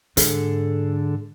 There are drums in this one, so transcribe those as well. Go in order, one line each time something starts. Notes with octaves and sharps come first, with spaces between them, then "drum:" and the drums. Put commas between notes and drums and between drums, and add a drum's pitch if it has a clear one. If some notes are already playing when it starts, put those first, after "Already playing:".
G#2 D3 G#4 A4, drum: hi-hat